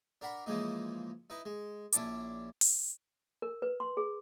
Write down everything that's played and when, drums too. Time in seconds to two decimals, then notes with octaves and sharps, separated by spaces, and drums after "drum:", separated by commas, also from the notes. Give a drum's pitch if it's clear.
0.21 D4 A#4 F#5 B5
0.46 C#3 E3 F3 G#3 A#3 D#4
1.30 D#4 E4 B4
1.45 G#3
1.93 A#1 C#4 D4 E4 A5 D6, drum: hi-hat
2.61 drum: open hi-hat
3.42 A#4
3.62 B4
3.80 C6
3.97 G#4